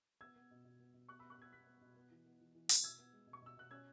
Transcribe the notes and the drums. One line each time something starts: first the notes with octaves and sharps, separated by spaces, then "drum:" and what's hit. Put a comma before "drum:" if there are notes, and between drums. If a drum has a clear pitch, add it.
B3 E6 G#6
B3
B2
B2
B3
B2
B3 C#6 F#6
B3 B5 E6
C#6 F#6
B2 E6 G#6
B3 F#6 B6
B3
B2
B3
E3
B3
E3
E3
E3, drum: open hi-hat
B2 E6 G#6
B3
G#3
B2
C#6
B2 E6
B2 F#6
C#4 E6 G#6